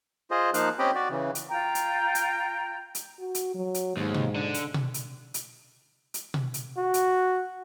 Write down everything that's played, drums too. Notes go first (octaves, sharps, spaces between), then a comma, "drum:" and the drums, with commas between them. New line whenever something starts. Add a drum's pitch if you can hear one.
F4 G#4 C5 D#5
F3 A#3 D#4 C5 F5 F#6, drum: hi-hat
C4 C#4 G4 D#5 G5 B5
F#4 D5
C#3 E3
drum: hi-hat
F4 G5 A#5
drum: hi-hat
drum: hi-hat
drum: hi-hat
F#4
drum: hi-hat
F#3
drum: hi-hat
D#2 G#2
drum: tom B2
D3
drum: hi-hat
drum: tom B2
drum: hi-hat
drum: hi-hat
drum: hi-hat
drum: tom B2
drum: hi-hat
F#4
drum: hi-hat